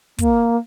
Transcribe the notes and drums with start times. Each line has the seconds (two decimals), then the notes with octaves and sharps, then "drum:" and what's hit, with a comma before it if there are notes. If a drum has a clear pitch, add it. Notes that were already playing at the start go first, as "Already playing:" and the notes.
0.18 A#3, drum: kick, hi-hat